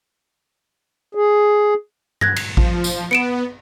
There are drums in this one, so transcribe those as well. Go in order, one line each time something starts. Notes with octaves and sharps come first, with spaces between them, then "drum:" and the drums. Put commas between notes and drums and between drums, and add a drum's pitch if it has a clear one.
G#4
F#6 G#6 A#6, drum: tom G2
drum: cymbal
F3, drum: kick A1
drum: tambourine
B3 C#7 D7 E7